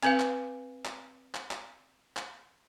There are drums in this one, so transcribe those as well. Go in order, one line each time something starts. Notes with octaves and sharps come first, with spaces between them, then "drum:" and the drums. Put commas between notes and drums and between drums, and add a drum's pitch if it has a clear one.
C4 B4 F5, drum: clap
drum: clap
drum: clap
drum: clap
drum: clap
drum: clap